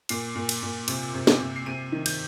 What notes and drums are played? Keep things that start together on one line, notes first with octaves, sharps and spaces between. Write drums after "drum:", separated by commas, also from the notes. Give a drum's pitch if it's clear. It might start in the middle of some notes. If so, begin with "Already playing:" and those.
A#2 C7, drum: cymbal
A#2
drum: cymbal
A#2
C3, drum: cymbal
C3
drum: snare
C3
C7
C3 D#7
D#3
G6, drum: cymbal